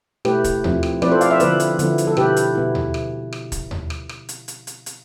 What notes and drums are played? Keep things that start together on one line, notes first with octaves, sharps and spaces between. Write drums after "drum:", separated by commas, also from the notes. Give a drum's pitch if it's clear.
B2 A3 E4 G4 B4, drum: rim click
drum: kick, hi-hat
F3 C4 E4, drum: tom D#2
drum: rim click
F3 C4 E4 B4 D5, drum: rim click
A4 C5
D5 F5, drum: hi-hat
C5 E5
D3 F3 B3 E4 B4 D5, drum: hi-hat
drum: hi-hat
D3 F3 B3 E4, drum: hi-hat
drum: hi-hat
A4
B2 B3 E4 G4 B4, drum: rim click
drum: hi-hat
B2 B3 E4
drum: tom D#2
drum: rim click
drum: rim click
drum: kick, hi-hat
drum: tom D#2
drum: rim click
drum: rim click
drum: hi-hat
drum: hi-hat
drum: hi-hat
drum: hi-hat